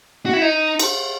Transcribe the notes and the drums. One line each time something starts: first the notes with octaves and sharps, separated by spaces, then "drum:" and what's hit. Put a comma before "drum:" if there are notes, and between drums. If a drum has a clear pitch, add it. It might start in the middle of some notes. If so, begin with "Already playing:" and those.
F#4
E4
D#4
drum: cymbal